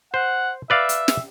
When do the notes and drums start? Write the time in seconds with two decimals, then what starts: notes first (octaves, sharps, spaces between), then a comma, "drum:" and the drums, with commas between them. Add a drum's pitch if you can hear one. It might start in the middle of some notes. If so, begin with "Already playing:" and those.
0.14 C5 F#5
0.70 B4 D5 E5 F5
0.89 drum: hi-hat
1.08 drum: snare